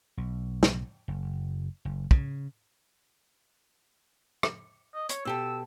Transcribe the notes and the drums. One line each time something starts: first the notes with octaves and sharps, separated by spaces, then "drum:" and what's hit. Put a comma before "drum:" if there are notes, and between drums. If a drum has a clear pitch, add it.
B1
drum: snare
F#1
F#1
C#3, drum: kick
drum: rim click
D#5
C#5, drum: hi-hat
B2 G4 A4 E6